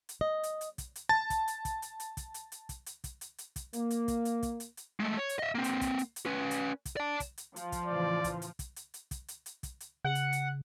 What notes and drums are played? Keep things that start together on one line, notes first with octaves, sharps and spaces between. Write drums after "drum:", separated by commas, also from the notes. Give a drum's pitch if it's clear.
drum: hi-hat
D#5
drum: hi-hat
drum: hi-hat
drum: kick, hi-hat
drum: hi-hat
A5 A6
drum: kick, hi-hat
drum: hi-hat
drum: kick, hi-hat
drum: hi-hat
drum: hi-hat
drum: kick, hi-hat
drum: hi-hat
drum: hi-hat
drum: kick, hi-hat
drum: hi-hat
drum: kick, hi-hat
drum: hi-hat
drum: hi-hat
drum: kick, hi-hat
A#3, drum: hi-hat
drum: hi-hat
drum: kick, hi-hat
drum: hi-hat
drum: kick, hi-hat
drum: hi-hat
drum: hi-hat
G#3 A3
C#5
drum: hi-hat
D#5 E5
A#3 C4
drum: hi-hat
drum: kick, hi-hat
drum: hi-hat
drum: hi-hat
C#4 B4
drum: hi-hat
drum: kick, hi-hat
D5 A5
drum: kick, hi-hat
drum: hi-hat
F3, drum: hi-hat
drum: kick, hi-hat
A2 C#3 E3 D5
drum: kick, hi-hat
drum: hi-hat
drum: kick, hi-hat
drum: hi-hat
drum: hi-hat
drum: kick, hi-hat
drum: hi-hat
drum: hi-hat
drum: kick, hi-hat
drum: hi-hat
C#3 F#5
drum: hi-hat
drum: hi-hat